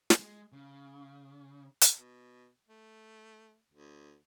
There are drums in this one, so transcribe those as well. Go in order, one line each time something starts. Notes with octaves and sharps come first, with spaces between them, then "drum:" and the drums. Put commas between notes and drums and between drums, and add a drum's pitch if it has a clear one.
drum: snare
G#3
C#3
drum: hi-hat
B2
A3
D2